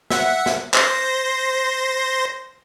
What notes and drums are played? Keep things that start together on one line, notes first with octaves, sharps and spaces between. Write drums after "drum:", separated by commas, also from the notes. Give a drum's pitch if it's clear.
E5 F#5, drum: snare
drum: snare
C5 C6 A#6, drum: clap